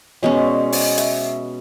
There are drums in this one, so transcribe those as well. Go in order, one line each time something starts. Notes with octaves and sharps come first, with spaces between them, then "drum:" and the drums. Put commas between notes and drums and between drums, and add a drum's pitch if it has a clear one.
B2 G#3 C#4 C#5
D5
D#5, drum: open hi-hat
E5, drum: hi-hat